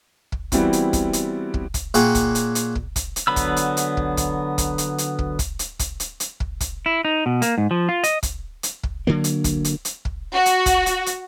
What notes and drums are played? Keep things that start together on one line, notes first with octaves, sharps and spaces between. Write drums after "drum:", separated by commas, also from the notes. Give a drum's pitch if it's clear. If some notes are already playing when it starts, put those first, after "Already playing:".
drum: kick
E3 G3 B3 C4 E4 F#4, drum: kick, hi-hat
drum: hi-hat
drum: kick, hi-hat
drum: hi-hat
drum: kick
drum: kick, hi-hat
A#2 A#3 G#4 C#5 F#5 G5, drum: hi-hat
drum: kick, hi-hat
drum: hi-hat
drum: hi-hat
drum: kick
drum: kick, hi-hat
drum: hi-hat
D3 F#3 B3 B5 E6
drum: kick, hi-hat
drum: hi-hat
drum: hi-hat
drum: kick
drum: kick, hi-hat
drum: kick, hi-hat
drum: hi-hat
drum: hi-hat
drum: kick
drum: kick, hi-hat
drum: hi-hat
drum: kick, hi-hat
drum: hi-hat
drum: hi-hat
drum: kick
drum: kick, hi-hat
E4
D#4
B2
A#3, drum: hi-hat
G#2
F3
F4
D#5, drum: hi-hat
drum: kick, hi-hat
drum: hi-hat
drum: kick
D3 F#3 A#3
drum: hi-hat
drum: kick, hi-hat
drum: hi-hat
drum: hi-hat
drum: kick
F#4
drum: hi-hat
drum: kick, hi-hat
drum: hi-hat
drum: hi-hat